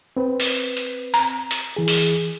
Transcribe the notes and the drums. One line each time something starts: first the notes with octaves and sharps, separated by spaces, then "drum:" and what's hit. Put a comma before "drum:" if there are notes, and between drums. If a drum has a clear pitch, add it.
C4 B4
drum: open hi-hat
drum: hi-hat
A#5, drum: hi-hat
drum: hi-hat
E3 G#4
drum: open hi-hat